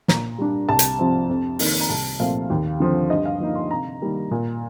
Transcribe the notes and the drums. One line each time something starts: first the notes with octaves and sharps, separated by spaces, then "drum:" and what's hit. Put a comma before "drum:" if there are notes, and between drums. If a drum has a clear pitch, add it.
A#2 A#5, drum: snare
G3 D4
C2 A5
drum: hi-hat
C3 F3 C4
F2
D#3 A#3 D#4, drum: open hi-hat
A#5
C2 A5
A#2 F3 A3 C4 F5
D#2
D3 F3 C4
G2 D#5
F5
F3 A#3 D#4
C6
C3 A#5
D#3 G3 A#3
A#2